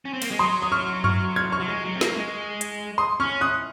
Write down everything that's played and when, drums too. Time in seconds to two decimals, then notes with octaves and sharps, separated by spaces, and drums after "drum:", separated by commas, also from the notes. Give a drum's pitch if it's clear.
0.05 C#4
0.13 C4
0.22 A#3, drum: cymbal
0.31 G#3
0.39 F#3 C6 D#6
0.62 D#6
0.72 C#6 F6
1.04 C#6 F6, drum: tom F#2
1.36 F6 G#6
1.52 C#6 F6
1.60 F#3
1.68 G#3
1.84 F#3
1.95 C4
2.01 A#3, drum: snare
2.17 G#3
2.61 drum: hi-hat
2.98 C6 D#6
3.20 C#4 C#6 F6
3.41 D#6 F#6